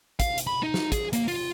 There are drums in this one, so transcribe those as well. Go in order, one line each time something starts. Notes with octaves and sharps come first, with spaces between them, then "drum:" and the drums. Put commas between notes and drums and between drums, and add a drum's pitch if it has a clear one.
F5, drum: kick, hi-hat
drum: hi-hat
B5
D#4
drum: snare
G#4, drum: kick, hi-hat
A#3, drum: hi-hat
F4, drum: open hi-hat